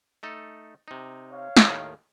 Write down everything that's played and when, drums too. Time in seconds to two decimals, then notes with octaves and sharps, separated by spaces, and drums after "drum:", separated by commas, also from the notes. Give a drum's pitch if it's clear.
0.23 A3 D#4 A4
0.88 C3 D#4
1.31 C#5 F5
1.57 drum: snare
1.66 D#2 A2 D#3